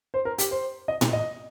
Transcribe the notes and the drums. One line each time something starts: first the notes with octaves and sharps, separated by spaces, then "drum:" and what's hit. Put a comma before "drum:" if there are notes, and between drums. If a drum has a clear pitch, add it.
C5
A#4
G4, drum: hi-hat
C5
D#5
drum: tom A2
D#5